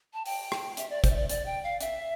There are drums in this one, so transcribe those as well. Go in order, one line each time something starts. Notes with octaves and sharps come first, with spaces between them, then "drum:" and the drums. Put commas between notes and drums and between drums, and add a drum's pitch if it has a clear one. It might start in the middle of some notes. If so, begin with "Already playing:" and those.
A5
G5, drum: open hi-hat
drum: rim click
E5, drum: hi-hat
D5
C5, drum: kick, hi-hat
E5
D5
D5, drum: hi-hat
G5
F5
E5, drum: hi-hat